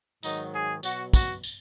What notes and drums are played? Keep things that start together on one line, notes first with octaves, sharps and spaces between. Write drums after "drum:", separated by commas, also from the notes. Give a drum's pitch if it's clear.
G#2 D#3 F#3 D#4, drum: tambourine
G#4
B2 F#3 F#4, drum: tambourine
F#4, drum: kick, tambourine
drum: tambourine